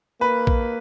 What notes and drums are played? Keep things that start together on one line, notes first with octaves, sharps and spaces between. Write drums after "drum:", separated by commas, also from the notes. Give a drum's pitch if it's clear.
A#3 B4
drum: kick A#1